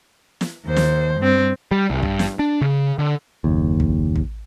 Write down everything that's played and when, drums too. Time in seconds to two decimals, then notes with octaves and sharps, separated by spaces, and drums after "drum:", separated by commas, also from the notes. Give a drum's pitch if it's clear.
0.41 drum: snare
0.65 D#2 C5
0.76 drum: snare
1.20 G2 C4
1.71 G3
1.90 C2
2.03 G2, drum: kick
2.19 drum: snare
2.39 D4
2.61 C#3
2.99 D3
3.44 F#1 D#2
3.80 drum: kick
4.16 drum: kick